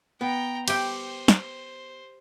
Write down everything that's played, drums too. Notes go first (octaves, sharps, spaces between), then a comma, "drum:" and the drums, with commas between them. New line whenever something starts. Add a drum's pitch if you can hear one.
B3 G5 A#5
G4 C5 G5, drum: cymbal
drum: snare